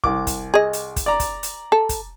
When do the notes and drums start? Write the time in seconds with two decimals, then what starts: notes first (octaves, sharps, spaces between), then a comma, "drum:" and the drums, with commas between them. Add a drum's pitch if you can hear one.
0.04 C2 D6, drum: kick
0.27 drum: kick, hi-hat
0.54 G#4 D#5
0.73 drum: hi-hat
0.96 drum: kick, hi-hat
1.06 D5 A#5
1.20 drum: kick, hi-hat
1.43 drum: hi-hat
1.72 A4
1.89 drum: kick, hi-hat